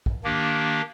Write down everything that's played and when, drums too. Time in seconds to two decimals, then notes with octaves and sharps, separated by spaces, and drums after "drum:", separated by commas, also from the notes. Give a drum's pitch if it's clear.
0.06 drum: kick A#1
0.24 D#3 A#3 D4 G4